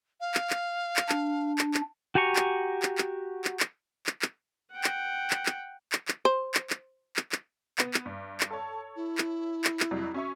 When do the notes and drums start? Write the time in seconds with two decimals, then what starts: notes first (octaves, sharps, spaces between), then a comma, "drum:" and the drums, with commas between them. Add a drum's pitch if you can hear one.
0.20 F5
0.34 drum: clap
0.50 drum: clap
0.96 drum: clap
1.09 D4, drum: clap
1.58 drum: clap
1.74 drum: clap
2.15 F#4 G4 G#5 A#5 C#6
2.36 drum: clap
2.82 drum: clap
2.98 drum: clap
3.44 drum: clap
3.60 drum: clap
4.06 drum: clap
4.22 drum: clap
4.72 F#5 G5
4.84 drum: clap
5.30 drum: clap
5.46 drum: clap
5.92 drum: clap
6.08 drum: clap
6.25 C5
6.54 drum: clap
6.70 drum: clap
7.16 drum: clap
7.32 drum: clap
7.78 B3, drum: clap
7.94 drum: clap
8.06 G2
8.40 drum: clap
8.51 A4 C#5 A5
8.96 E4
9.18 drum: clap
9.64 drum: clap
9.80 drum: clap
9.91 F2 F#3 G3
10.14 C#4 F#4 E5 C#6